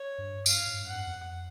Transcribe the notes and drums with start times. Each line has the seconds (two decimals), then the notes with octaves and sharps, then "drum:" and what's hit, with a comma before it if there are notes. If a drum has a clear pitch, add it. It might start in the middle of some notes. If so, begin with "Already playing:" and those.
Already playing: C#5
0.18 G2
0.46 G2 F5, drum: tambourine
0.67 G#2
0.80 G2
0.86 F#2 F#5
1.07 F2